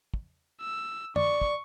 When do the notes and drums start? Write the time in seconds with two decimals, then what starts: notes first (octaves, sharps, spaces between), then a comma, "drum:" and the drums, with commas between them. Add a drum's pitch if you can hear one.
0.14 drum: kick
0.61 E6
1.16 D5 C#6, drum: tom
1.42 drum: kick